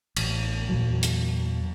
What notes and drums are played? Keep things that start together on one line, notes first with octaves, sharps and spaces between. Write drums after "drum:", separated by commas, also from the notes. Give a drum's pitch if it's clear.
A1, drum: cymbal
E2 A#2 E3 F#3
drum: hi-hat